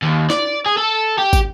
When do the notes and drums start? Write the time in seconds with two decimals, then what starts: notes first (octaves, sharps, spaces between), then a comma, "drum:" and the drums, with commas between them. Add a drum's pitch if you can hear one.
0.03 D#2
0.30 D5, drum: snare
0.66 G#4
0.78 A4
1.19 G4
1.33 drum: kick, tambourine